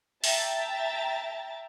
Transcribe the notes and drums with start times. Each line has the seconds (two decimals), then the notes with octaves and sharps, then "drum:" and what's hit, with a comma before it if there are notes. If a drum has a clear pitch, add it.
0.24 E5 G5 A5 A#5 A6, drum: open hi-hat